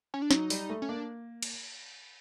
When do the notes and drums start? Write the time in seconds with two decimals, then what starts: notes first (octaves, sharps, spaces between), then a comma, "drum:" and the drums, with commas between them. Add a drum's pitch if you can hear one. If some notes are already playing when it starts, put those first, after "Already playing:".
0.14 C#4
0.22 D4
0.31 F#3 D#4, drum: snare
0.50 G3, drum: open hi-hat
0.70 A3
0.82 C#4
0.89 A#3 D4
1.43 drum: cymbal